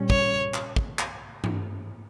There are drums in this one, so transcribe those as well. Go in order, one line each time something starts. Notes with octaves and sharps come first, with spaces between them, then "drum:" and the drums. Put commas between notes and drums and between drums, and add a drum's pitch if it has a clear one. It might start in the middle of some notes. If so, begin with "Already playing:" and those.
Already playing: A#2 G3 C#4
C#5, drum: kick
drum: clap
drum: kick
drum: clap
drum: tom G2